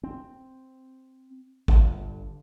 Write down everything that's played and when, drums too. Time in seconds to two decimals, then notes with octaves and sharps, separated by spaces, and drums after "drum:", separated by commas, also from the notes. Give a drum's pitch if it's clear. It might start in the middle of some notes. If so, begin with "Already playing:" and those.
0.03 C4
1.68 G1 D3, drum: kick A1